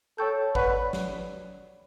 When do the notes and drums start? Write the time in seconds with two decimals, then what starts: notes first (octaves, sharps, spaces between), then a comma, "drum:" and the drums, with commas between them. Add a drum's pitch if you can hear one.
0.18 A4 C#5 G5 C#6 G6
0.55 B4 D5 F#5 C#6, drum: kick G#1
0.93 drum: snare